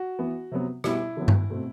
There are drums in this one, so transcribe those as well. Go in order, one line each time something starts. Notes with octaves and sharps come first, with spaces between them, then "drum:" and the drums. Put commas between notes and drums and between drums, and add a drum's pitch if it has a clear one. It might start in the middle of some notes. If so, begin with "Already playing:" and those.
Already playing: F#4
E3 B3
C3 F#3 B3
B2 G3 B3 E4, drum: rim click
D3 F#3 B3
drum: tom G2
B2 A3 C4